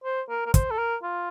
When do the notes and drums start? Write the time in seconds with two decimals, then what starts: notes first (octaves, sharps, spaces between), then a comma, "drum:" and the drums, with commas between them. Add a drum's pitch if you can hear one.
0.04 C5
0.29 A#4
0.46 A#4
0.54 C5, drum: kick, hi-hat
0.71 A4
0.78 A#4
1.03 F4